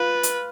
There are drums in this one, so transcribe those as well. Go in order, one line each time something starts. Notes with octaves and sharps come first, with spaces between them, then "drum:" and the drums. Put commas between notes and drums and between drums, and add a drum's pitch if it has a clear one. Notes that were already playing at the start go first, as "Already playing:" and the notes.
Already playing: F4 B4
drum: hi-hat